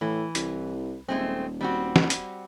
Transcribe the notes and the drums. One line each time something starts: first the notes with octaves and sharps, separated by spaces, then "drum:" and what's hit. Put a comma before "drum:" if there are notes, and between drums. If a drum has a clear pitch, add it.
A2 E3
C2, drum: hi-hat
D#1 G#3 A3 C4
G3 C4 F#4
drum: snare
drum: hi-hat